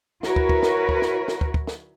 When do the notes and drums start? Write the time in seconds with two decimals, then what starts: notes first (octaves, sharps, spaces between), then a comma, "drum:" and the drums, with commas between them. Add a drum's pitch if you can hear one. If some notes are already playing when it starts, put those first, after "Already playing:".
0.23 E4 F#4 A#4 B4 C#5, drum: snare
0.36 drum: kick
0.49 drum: kick
0.63 drum: snare
0.89 drum: kick
1.02 drum: snare
1.28 drum: snare
1.41 drum: kick
1.54 drum: kick
1.67 drum: snare